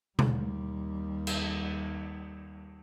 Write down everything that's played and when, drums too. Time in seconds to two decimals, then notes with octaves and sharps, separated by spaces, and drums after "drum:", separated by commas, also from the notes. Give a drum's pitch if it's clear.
0.19 D#2 G3, drum: tom B2
1.27 drum: cymbal